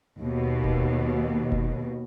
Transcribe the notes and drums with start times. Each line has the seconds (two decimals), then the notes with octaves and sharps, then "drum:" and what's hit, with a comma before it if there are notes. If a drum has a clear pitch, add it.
0.20 D#2 B2
0.64 drum: kick F1
1.52 drum: kick F1